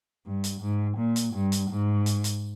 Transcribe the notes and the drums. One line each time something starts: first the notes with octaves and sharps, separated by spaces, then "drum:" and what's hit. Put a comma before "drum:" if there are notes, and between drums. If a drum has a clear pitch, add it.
G2
drum: hi-hat
G#2
A#2
drum: hi-hat
G2
drum: hi-hat
G#2
drum: hi-hat
drum: hi-hat